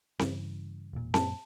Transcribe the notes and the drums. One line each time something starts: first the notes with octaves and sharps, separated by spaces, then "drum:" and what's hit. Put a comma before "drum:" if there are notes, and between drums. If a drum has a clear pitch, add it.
G2 C#3 E3, drum: snare C4
E1 A#2
F#2 A#2 A5, drum: snare C4